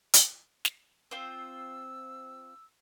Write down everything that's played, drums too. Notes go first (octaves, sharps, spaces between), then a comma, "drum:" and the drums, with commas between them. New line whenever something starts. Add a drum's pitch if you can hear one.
drum: hi-hat
drum: snare
C4 F4 C5 E6